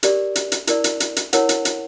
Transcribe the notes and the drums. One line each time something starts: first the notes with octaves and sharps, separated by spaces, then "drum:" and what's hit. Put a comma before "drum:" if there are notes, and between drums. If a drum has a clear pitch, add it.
G4 A#4 D5, drum: hi-hat
drum: hi-hat
drum: hi-hat
E4 A#4 D5, drum: hi-hat
drum: hi-hat
drum: hi-hat
drum: hi-hat
E4 A#4 C#5 F#5, drum: hi-hat
drum: hi-hat
drum: hi-hat